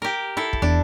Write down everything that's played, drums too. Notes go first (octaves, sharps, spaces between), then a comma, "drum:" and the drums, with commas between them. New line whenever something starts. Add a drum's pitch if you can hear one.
G4 A#4
E4 A4
drum: kick
E2 D4